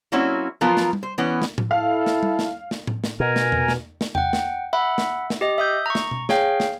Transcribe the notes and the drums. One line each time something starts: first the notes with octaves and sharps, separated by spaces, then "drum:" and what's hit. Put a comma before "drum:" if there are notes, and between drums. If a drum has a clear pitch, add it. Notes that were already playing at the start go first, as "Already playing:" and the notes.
F#3 A#3 C4 C#4 E4 F#4
F3 F#3 B3 F4 A#4
drum: snare
drum: tom G3
C5
E3 B3 C#4
drum: snare
drum: tom A2
E4 A4 F5
drum: snare
drum: tom G3
drum: snare
drum: snare
drum: tom A2
drum: snare
B2 A#4 G#5 A#5
drum: snare
drum: tom E2
drum: snare
drum: snare
F#5 G5, drum: tom E2
drum: snare
E5 F#5 B5
drum: snare
drum: snare
G4 D#5
E5 D#6 G6
A#5 C#6
drum: snare
drum: tom B2
G#4 C#5 F5 G5, drum: snare
drum: snare